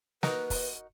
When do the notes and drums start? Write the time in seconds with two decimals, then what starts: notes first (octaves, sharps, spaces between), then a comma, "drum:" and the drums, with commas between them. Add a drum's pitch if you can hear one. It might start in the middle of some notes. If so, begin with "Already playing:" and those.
0.23 D#4 F#4 A#4 B4, drum: snare
0.50 drum: kick, open hi-hat